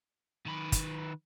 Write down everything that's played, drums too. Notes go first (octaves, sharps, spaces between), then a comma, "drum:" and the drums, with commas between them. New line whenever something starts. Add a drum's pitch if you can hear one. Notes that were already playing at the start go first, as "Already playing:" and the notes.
D#3 B4
drum: kick, hi-hat